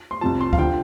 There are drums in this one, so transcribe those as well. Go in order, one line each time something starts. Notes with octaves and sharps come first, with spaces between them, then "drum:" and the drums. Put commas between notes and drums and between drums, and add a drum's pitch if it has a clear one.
C6
C2 C3 F3 A5
C6
F5, drum: kick
D3 F3 G5